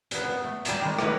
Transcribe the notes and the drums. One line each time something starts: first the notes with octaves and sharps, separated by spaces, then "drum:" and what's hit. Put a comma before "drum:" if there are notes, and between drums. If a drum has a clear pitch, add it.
A#2 B3, drum: hi-hat
B3
A3
G3 G#4 D5 A5 A#5, drum: hi-hat
D#3 G3 G#3
B4 C#5 D#5 F5, drum: rim click